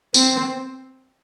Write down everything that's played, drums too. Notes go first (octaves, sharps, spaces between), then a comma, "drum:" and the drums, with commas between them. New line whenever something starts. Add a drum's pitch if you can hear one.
C4, drum: tambourine